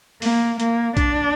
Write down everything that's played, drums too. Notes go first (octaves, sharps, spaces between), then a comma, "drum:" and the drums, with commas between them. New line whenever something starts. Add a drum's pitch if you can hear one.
A#3, drum: open hi-hat
A#3, drum: hi-hat
D4, drum: kick, hi-hat